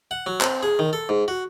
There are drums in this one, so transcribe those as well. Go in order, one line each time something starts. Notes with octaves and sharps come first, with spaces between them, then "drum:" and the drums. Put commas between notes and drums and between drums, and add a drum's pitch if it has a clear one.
F#5
F#3
C4, drum: clap
G#4
D#3
A4
G#2
F#4